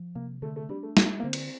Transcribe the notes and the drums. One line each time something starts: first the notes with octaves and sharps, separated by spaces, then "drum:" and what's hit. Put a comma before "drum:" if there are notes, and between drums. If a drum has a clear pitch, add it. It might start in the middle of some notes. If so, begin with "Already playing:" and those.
Already playing: F3
C3 A#3
D3 A3
A3
G3 D4
A3
G3 A#3, drum: snare
A#3
D3 C4
drum: cymbal